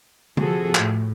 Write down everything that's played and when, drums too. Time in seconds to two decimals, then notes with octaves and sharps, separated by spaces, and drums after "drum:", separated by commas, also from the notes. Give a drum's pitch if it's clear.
0.37 C3 F3 F#4 G#4 A4, drum: tom D3
0.75 A2, drum: clap